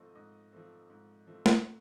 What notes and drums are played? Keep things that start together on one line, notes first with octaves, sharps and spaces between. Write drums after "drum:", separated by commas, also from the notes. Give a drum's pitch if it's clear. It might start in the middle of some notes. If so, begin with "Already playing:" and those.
Already playing: G#2 F3 A3 C4 D#5
G#2 D#5
F3 A3 C4
G#2
F3 A3 C4
drum: snare